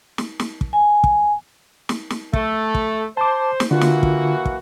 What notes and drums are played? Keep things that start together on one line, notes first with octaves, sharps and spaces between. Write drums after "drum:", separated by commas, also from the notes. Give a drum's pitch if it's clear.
drum: snare
drum: snare
drum: kick
G#5
drum: kick
drum: snare
drum: snare
A3, drum: kick
drum: kick
C5 A5 D6
drum: snare
D3 E3 A#3 F4 F#4
drum: snare
drum: kick
drum: kick